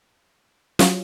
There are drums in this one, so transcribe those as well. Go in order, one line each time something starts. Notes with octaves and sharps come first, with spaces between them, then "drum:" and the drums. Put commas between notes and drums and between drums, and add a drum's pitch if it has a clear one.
F#3 C#4 F4, drum: snare